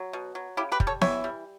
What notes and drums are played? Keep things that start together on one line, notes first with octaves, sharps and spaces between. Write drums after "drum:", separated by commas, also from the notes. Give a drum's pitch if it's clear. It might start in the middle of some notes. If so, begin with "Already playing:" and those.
Already playing: F#3
B2
F#3
C#3 E4 G4
G4 B4
G3, drum: kick
A4 C#5
E3 C#5 E5, drum: snare B3
G3